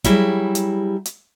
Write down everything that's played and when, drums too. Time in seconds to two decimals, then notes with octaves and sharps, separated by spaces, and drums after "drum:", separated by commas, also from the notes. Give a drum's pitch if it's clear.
0.04 F#3 G3 E4 G4 G#4, drum: kick, hi-hat
0.55 drum: hi-hat
1.06 drum: hi-hat